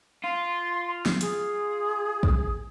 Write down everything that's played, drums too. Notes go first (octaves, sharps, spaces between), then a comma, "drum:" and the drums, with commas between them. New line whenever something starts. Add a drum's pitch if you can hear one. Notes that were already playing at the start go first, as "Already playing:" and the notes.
F4 C6
drum: snare
G#4, drum: hi-hat
drum: kick